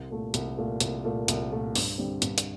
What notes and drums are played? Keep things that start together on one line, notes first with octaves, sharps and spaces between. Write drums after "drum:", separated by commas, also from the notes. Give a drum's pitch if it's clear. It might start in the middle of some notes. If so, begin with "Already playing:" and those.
Already playing: C2
A#2 A3
C2, drum: hi-hat
A#2 A3
C2, drum: hi-hat
A#2 A3
C2, drum: hi-hat
A#2 A3
G2, drum: open hi-hat
D3 G3 C4
G2, drum: hi-hat
drum: hi-hat